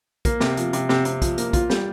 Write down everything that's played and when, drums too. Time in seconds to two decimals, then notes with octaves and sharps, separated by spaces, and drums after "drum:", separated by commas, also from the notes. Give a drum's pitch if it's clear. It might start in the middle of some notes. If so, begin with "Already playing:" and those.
0.25 A#3, drum: kick, hi-hat
0.40 C3, drum: snare
0.57 F3, drum: hi-hat
0.73 C3, drum: hi-hat
0.89 C3, drum: snare
1.05 C3, drum: hi-hat
1.22 F3, drum: kick, hi-hat
1.38 A#3, drum: hi-hat
1.53 F4, drum: kick, hi-hat
1.70 G3, drum: snare